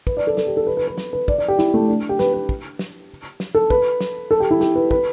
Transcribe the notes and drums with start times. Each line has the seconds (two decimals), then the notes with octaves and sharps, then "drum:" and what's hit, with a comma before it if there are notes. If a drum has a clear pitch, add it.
0.07 B4, drum: kick
0.17 D5
0.27 A4
0.37 A4, drum: snare
0.47 G4
0.57 A4
0.67 B4
0.77 B4
0.87 B4
0.98 drum: snare
1.13 B4
1.28 D5, drum: kick
1.38 D5
1.48 G4
1.58 E4, drum: snare
1.74 A3
1.88 D4
2.09 G4
2.19 B4, drum: snare
2.34 B4
2.49 drum: kick
2.79 drum: snare
3.40 drum: snare
3.55 A4
3.70 B4, drum: kick
4.01 drum: snare
4.31 A4
4.40 G4
4.51 E4
4.61 G4, drum: snare
4.76 B4
4.91 B4, drum: kick